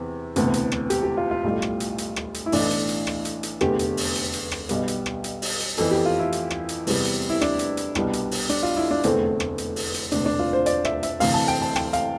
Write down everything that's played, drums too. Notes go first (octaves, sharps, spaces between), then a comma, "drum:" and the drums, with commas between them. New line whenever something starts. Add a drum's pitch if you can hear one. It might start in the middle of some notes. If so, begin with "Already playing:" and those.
Already playing: E2 C3 E3
E1 D2 C3 E3 B3, drum: hi-hat
drum: hi-hat
drum: rim click
G4, drum: hi-hat
G4
F4
F4
B1 A2 G3
drum: rim click
drum: hi-hat
drum: hi-hat
drum: rim click
drum: hi-hat
E4
B1 A2 E3 D4, drum: open hi-hat
drum: hi-hat
drum: hi-hat
drum: rim click
drum: hi-hat
drum: hi-hat
F1 E2 D3 G4, drum: rim click
drum: hi-hat
drum: open hi-hat
drum: hi-hat
drum: hi-hat
drum: rim click
B1 B2 G3 B3, drum: hi-hat
drum: hi-hat
drum: rim click
drum: hi-hat
drum: open hi-hat
drum: hi-hat
F2 E3 B3 A4, drum: hi-hat
G4
F4
E4
drum: hi-hat
drum: rim click
drum: hi-hat
E2 C3 G3 B3, drum: open hi-hat
drum: hi-hat
E4
D4, drum: rim click
drum: hi-hat
drum: hi-hat
C2 B2 G3 B3, drum: rim click
drum: hi-hat
drum: open hi-hat
D4, drum: hi-hat
F4
E4
D4
F1 E2 D3 A3 C4, drum: hi-hat
drum: rim click
drum: hi-hat
drum: open hi-hat
drum: hi-hat
E1 D2 C3 D4, drum: hi-hat
D4
F4
C5
D5, drum: hi-hat
E5, drum: rim click
E5, drum: hi-hat
D2 C3 E3 F5, drum: open hi-hat
A5
G5
A5
G5, drum: rim click
F5, drum: hi-hat